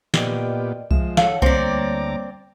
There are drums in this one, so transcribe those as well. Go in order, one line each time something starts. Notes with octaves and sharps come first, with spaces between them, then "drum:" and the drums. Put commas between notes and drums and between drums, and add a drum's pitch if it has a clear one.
A#2 B3 G4 D5 D#5 G5, drum: snare
F3 G#3 E5, drum: kick C2
A4 C#5 F5 F#5, drum: snare
D2 G3 A#3 C4 C#5 D5 A#5 D6, drum: kick C2